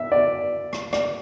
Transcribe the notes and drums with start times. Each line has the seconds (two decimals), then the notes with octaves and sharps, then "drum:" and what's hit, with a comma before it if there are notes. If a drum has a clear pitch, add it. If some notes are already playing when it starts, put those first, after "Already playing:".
Already playing: E5
0.12 D5
0.73 drum: rim click
0.93 D5, drum: rim click